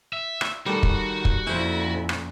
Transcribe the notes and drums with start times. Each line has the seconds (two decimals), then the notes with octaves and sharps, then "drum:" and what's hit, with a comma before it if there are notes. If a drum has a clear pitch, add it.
0.13 E5
0.41 drum: rim click
0.66 D#3 G3 F#4 A4
0.83 drum: kick
1.25 drum: kick
1.46 F2 A#2 C#4 E4 C5
2.09 drum: rim click